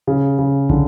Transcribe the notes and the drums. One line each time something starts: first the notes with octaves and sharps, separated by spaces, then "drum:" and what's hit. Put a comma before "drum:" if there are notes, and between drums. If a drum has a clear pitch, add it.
C#3
C#3
D3, drum: kick